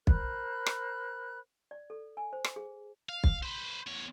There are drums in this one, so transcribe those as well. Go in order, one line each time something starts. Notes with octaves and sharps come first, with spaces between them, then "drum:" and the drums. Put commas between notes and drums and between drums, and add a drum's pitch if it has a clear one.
A#4 C5 B5 F#6, drum: kick
drum: rim click
D5
A4
G#5
C5
drum: rim click
G#4
F5
drum: kick
B4 C5
E2 C#5